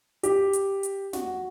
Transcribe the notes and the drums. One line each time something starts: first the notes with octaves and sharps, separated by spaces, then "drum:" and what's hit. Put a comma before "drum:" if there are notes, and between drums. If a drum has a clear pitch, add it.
G4, drum: hi-hat
drum: hi-hat
drum: hi-hat
F#4, drum: snare